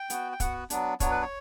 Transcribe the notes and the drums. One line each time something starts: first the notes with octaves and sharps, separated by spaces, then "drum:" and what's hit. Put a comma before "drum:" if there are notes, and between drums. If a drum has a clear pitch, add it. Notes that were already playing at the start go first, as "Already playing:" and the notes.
Already playing: G5
B3 F#4, drum: hi-hat
G5
B3 F#4 F#5, drum: kick, hi-hat
F#3 B3 D4, drum: hi-hat
F#3 B3 D4 C#5, drum: kick, hi-hat
B4
C#5